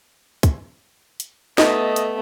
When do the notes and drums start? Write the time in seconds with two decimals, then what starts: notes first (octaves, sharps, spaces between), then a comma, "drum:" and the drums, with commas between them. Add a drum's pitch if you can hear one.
0.43 drum: kick, hi-hat
1.20 drum: hi-hat
1.58 A3 B3 D#5, drum: snare
1.96 drum: hi-hat